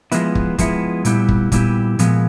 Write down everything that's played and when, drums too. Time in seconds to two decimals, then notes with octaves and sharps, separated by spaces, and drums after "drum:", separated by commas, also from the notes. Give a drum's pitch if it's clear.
0.12 F3 G#3 B3 E4, drum: hi-hat
0.35 drum: kick
0.58 F3 G#3 B3 E4, drum: kick, hi-hat
1.05 A#2 G3 B3 E4 G4, drum: hi-hat
1.28 drum: kick
1.52 A#2 G3 B3 E4 G4, drum: kick, hi-hat
1.99 A#2 F3 G#3 B3, drum: hi-hat